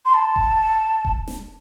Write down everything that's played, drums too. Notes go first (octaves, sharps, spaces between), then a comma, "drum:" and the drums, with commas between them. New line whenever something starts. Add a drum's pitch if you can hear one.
C6
A5
drum: kick E1
drum: kick E1
drum: snare